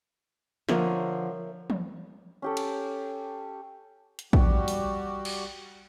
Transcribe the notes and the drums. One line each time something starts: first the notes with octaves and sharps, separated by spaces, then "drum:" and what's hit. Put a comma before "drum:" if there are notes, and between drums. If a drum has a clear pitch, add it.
D3 F3 A#4 C#5 E5, drum: snare
drum: tom
C#4 G4 A4
drum: cymbal
drum: hi-hat
G3 F#4 G4, drum: kick A#1
drum: open hi-hat
drum: cymbal